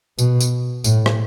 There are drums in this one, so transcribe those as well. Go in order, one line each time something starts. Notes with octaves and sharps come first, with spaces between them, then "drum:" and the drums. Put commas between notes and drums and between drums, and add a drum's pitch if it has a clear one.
B2, drum: tambourine
drum: tambourine
A2, drum: tambourine
drum: rim click